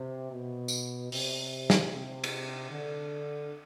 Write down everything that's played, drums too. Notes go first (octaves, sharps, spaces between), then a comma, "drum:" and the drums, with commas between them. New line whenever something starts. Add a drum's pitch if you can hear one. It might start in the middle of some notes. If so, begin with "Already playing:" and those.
Already playing: C3
B2
drum: tambourine
C3, drum: open hi-hat
drum: snare
C3
drum: cymbal
D3